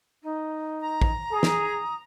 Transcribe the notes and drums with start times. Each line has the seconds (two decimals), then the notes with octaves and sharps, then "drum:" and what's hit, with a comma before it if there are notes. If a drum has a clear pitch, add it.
0.23 D#4
0.81 A#5
1.02 drum: kick
1.32 G#4 D#6
1.43 drum: snare